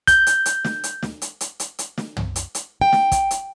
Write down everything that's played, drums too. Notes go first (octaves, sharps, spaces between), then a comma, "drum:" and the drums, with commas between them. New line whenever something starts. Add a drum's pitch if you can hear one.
G6, drum: kick, hi-hat
drum: hi-hat
drum: hi-hat
drum: snare
drum: hi-hat
drum: snare
drum: hi-hat
drum: hi-hat
drum: hi-hat
drum: hi-hat
drum: snare
drum: tom
drum: hi-hat
drum: hi-hat
G5
drum: snare
drum: kick, hi-hat
drum: hi-hat